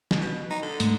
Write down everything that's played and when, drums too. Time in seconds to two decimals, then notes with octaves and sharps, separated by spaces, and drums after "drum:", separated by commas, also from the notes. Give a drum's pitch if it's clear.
0.11 drum: snare
0.20 B2
0.50 D#4
0.62 D3
0.80 G#2 A3, drum: hi-hat